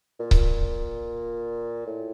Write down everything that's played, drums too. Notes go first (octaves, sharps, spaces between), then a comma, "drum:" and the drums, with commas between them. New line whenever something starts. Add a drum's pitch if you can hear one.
A#2
drum: kick C#1
A2